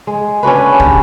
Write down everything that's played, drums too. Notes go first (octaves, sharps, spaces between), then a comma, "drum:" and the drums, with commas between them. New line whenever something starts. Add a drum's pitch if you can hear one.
G#3
C#4 D4 F#4 B4
G4, drum: kick